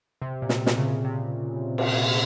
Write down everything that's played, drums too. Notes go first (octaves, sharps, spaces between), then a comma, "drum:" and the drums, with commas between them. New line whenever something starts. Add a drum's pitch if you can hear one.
C3
A#2
C3, drum: snare
C3, drum: snare
C#3
C3
drum: cymbal